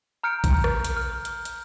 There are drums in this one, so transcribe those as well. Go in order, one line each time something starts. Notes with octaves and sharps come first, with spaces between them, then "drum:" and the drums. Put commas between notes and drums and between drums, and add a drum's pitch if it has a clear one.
A#5 F6 G6 C#7 D7
drum: kick A1, hi-hat
drum: rim click
drum: hi-hat
F6
drum: hi-hat
drum: hi-hat